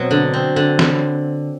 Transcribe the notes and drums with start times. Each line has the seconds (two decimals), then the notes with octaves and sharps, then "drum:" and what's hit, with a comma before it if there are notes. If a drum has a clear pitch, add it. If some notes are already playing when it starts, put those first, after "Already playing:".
Already playing: B2 F#3 C4
0.11 D3
0.33 C4
0.56 D3
0.79 drum: snare